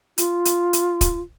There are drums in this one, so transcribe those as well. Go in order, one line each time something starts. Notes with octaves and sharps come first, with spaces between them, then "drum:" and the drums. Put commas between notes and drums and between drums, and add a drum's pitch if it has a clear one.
F4, drum: hi-hat
drum: hi-hat
drum: hi-hat
drum: kick, hi-hat